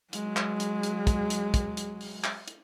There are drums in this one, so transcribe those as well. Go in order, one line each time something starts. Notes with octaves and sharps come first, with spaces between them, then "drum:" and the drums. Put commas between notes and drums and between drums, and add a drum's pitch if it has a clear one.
F#3 G#3, drum: hi-hat
drum: clap
drum: hi-hat
drum: hi-hat
drum: kick, hi-hat
drum: hi-hat
drum: kick, hi-hat
drum: hi-hat
drum: open hi-hat
drum: clap
drum: hi-hat